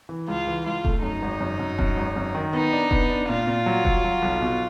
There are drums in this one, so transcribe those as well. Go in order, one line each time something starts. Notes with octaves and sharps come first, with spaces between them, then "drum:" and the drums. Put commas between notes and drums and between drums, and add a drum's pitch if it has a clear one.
E3
C#2 F4
E3
C#2 F4
A3, drum: kick E1
F#2 D#4
G#1
F#2
F#2
F#2, drum: kick E1
G#1
F#2
D#3
B3 D#4
D4
B3, drum: kick E1
D4
A#2 F4
A#2
F#3
F#3, drum: kick E1
F#3
B1
B2